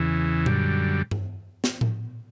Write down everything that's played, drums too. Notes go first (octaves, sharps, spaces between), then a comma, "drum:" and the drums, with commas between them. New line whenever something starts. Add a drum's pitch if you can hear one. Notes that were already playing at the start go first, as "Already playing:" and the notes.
Already playing: E2 C#3 E3
F#2 D3 G3, drum: tom A#2
drum: tom G2
drum: snare
drum: tom A2